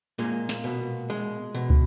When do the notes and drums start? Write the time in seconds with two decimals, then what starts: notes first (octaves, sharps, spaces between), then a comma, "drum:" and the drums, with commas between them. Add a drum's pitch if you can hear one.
0.18 A#2 G#3 A#3
0.49 drum: snare
0.64 B2
1.10 G#3
1.54 B2
1.70 drum: kick